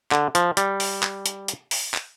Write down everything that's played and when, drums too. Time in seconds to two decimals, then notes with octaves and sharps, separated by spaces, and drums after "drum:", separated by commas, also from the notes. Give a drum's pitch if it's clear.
0.12 D3, drum: clap
0.35 F3, drum: hi-hat
0.57 G3, drum: hi-hat
0.80 drum: open hi-hat
1.03 drum: clap
1.26 drum: hi-hat
1.48 drum: hi-hat
1.71 drum: open hi-hat
1.94 drum: clap